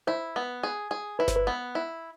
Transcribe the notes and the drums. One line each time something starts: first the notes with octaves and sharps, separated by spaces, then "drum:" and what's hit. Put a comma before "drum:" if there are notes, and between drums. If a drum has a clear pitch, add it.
E4 C5
B3
G#4
G#4
E4 B4
C5, drum: snare G1
B4
B3
E4